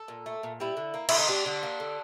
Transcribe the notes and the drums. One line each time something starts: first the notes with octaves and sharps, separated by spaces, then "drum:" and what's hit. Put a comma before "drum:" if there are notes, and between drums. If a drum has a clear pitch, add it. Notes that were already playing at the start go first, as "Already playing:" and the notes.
Already playing: A4
A#2
A3
A#2
G3 E4
D3
A#3
D3 E4, drum: cymbal
D#4
G3 D4
D3
A#3
D3